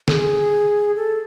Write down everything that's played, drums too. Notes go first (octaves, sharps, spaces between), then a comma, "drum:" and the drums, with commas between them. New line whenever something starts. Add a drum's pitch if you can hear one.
A4, drum: snare
G#4
A4